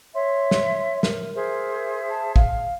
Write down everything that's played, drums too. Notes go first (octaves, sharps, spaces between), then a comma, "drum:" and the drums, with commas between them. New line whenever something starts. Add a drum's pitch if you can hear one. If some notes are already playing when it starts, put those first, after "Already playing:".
C#5 E5 C6
drum: snare
A#4, drum: snare
G#4 C5 E5
A5
F5, drum: kick